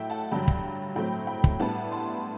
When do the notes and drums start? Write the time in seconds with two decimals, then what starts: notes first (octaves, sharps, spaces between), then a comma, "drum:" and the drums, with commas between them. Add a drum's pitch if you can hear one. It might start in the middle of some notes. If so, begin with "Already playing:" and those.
Already playing: A2 F#3 A3 E5 G5
0.10 F#5 A5
0.31 G2 D3 F#3 G5 B5
0.48 drum: kick
0.95 A2 F#3 A3 C4 G5 B5
1.27 G5 B5
1.44 drum: kick
1.59 A2 G3 B3 D4 F#5 A5
1.92 A5 C6